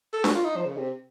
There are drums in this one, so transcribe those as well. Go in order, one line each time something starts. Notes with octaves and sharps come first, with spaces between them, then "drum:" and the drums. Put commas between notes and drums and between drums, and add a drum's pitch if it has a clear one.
A4
F#4, drum: snare D4
F4
D#4
F3
C#3
C3